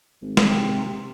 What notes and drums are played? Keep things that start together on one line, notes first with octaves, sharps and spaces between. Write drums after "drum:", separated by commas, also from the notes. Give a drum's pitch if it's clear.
G#1
drum: snare
C3